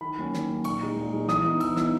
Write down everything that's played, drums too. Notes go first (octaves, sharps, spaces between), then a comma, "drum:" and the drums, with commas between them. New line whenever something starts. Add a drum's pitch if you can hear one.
D#3 B5
F#3 A#3 C#4
D#3, drum: snare
F#3 A#3 C#4
A#2 C#6, drum: cymbal
G#3 D#4
A#2
G#3 D#4
E3 D#6, drum: snare
B3 D#4
E3 E6, drum: cymbal
B3 D#4 E6, drum: snare